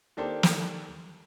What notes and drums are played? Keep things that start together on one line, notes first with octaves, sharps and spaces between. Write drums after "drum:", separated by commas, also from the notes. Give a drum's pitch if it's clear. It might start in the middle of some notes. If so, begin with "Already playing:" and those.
D#3 A#3 D4 G4 A4 C5
drum: snare